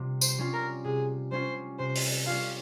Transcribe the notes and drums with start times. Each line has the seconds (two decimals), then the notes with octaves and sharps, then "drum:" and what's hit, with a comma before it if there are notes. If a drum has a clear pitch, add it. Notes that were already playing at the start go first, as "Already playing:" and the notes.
Already playing: C3 G3 F4
0.21 C5, drum: tambourine
0.38 G3 C#4 F4
0.53 A#4
0.85 C3 G#4
1.31 G3 C#4 F4 C5
1.79 C3 C5
1.95 drum: open hi-hat
2.25 G3 C#4 F4 F5